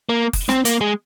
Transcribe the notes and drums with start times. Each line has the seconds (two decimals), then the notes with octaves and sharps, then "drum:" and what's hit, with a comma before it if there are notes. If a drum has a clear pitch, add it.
0.09 A#3
0.33 drum: kick F#1, open hi-hat
0.49 C4, drum: snare
0.65 A#3, drum: hi-hat
0.81 G#3